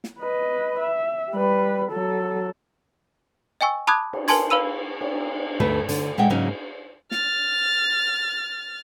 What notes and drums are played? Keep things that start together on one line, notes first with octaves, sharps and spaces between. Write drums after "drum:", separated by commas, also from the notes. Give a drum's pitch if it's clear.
drum: snare
B4 D#5
E5
G3 B4
F#3 A4
D#5 G5 G#5 C#6 E6
A5 B5 D6 D#6 F#6 G#6
drum: cymbal
A#4 B4 G#5 A5 C6 G#6, drum: hi-hat
B4 F5 B5 E6 D#7
drum: cymbal
D2 A3 B4, drum: tom G2
D3, drum: hi-hat
A#2 G#3 E5 F#5 G5
G#2 C#3 F#3 A#3 C#4 D#4
F6 A6, drum: snare